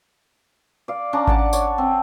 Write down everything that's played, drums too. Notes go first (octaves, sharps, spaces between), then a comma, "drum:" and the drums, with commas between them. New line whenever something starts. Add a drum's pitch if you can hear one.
D5 F5
C#4 D4 A5 A#5
D5 F#5 A5, drum: kick G#1
C#5, drum: tambourine
C4